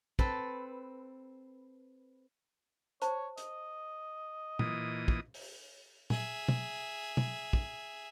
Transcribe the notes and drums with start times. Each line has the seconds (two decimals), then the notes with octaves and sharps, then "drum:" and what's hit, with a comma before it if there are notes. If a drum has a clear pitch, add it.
0.19 C4 A4 B4, drum: kick
3.02 C5 C#5 A5, drum: hi-hat
3.38 D#5, drum: hi-hat
4.59 A#2 E3 D#6, drum: tom
5.08 drum: kick
5.34 drum: open hi-hat
6.10 G#4 E5, drum: tom
6.48 drum: tom
7.17 drum: tom
7.53 drum: kick